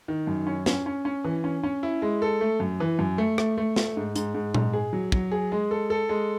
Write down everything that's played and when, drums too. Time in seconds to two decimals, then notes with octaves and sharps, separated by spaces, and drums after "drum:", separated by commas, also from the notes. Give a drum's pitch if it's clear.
0.08 D#3
0.27 F#2
0.47 C#4
0.66 C#4, drum: snare
0.86 C#4
1.05 C#4
1.25 E3
1.44 C#4
1.64 C#4
1.83 E4
2.02 G#3
2.22 A4
2.41 A3
2.60 F#2
2.80 E3
2.99 F#2
3.18 A3
3.38 A3, drum: rim click
3.58 A3
3.76 A3, drum: snare
3.97 G#2
4.16 G#2, drum: hi-hat
4.34 G#2
4.54 G#2, drum: tom A#2
4.73 G#4
4.93 F#3
5.12 F#3, drum: kick
5.32 G#4
5.52 G#3
5.71 A4
5.90 A4
6.09 G#3